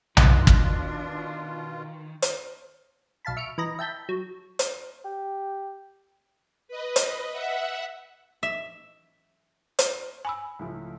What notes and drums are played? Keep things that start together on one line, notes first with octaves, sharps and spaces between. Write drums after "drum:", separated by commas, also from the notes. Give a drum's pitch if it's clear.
B2 D#3 D4 F4 D#5 F#6 A#6, drum: tom B1
drum: kick
drum: hi-hat
B1 F5 A5 B5
E5 C#6 F6 C#7 D7
E3 B4 D#5 A#5
E5 G5 A5 G6 B6
F#3
drum: hi-hat
G4
B4 D#5
drum: hi-hat
E5 F#5
E5
drum: hi-hat
G#5 B5 E6
C#2 A2 F3